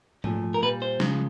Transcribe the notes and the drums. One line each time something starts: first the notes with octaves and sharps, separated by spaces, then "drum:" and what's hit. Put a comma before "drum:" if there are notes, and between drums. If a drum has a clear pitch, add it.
A#2 F3 A3, drum: tom G#2
A#4
A#2 G3 B4
C5
C#3 F3 G#3, drum: snare